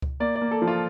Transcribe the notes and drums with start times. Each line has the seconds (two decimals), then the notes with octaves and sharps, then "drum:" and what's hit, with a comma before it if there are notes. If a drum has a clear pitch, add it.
0.02 drum: kick C#2
0.20 A#3 D5
0.36 D5
0.42 A#3
0.51 A4
0.62 F3
0.68 F4